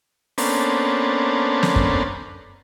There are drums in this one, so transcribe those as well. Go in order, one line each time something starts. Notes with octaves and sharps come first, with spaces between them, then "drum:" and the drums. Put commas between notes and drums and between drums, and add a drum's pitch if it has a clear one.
A#3 B3 C#4 D4 A4 C5, drum: open hi-hat
drum: snare
drum: kick F#2